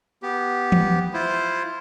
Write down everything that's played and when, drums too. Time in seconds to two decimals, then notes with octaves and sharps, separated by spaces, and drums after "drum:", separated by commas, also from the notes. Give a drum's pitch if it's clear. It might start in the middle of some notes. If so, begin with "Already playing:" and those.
0.23 B3 G4
0.72 drum: tom E3
1.13 E4 F4 C5